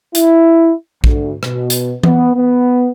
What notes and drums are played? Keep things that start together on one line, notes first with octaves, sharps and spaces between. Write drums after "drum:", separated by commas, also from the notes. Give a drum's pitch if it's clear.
E4, drum: hi-hat
D2, drum: kick A#1
B2, drum: rim click
drum: hi-hat
B3, drum: tom E3
B3